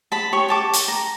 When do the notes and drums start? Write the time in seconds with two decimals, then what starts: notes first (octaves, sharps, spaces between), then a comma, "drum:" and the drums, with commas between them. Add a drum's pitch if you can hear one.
0.12 A5 B5
0.33 G4 C#5 C#6
0.48 G4 A5 D6
0.73 drum: hi-hat
0.88 A#5